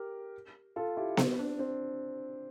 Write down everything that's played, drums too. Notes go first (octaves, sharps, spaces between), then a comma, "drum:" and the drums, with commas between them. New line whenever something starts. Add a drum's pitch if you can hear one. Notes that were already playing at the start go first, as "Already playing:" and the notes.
Already playing: G4 A#4
F4 A4
E4 G4
C4, drum: snare B3
D4
C4